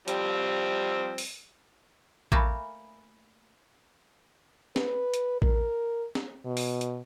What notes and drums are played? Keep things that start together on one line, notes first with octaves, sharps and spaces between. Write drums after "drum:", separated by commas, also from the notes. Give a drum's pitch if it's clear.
F3 G3 C4, drum: hi-hat
drum: open hi-hat
A3 A#3 E5 G#5 B5, drum: kick A1
B4, drum: snare
drum: hi-hat
A#4, drum: kick A1
drum: snare
B2
drum: open hi-hat
drum: hi-hat